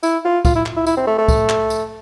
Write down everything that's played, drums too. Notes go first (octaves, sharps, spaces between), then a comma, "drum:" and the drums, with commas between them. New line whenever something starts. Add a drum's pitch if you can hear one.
E4, drum: tambourine
F4
F4, drum: kick, tambourine
E4
drum: clap
E4
E4, drum: tambourine
C4
A3
A3
drum: kick, tambourine
drum: clap
drum: tambourine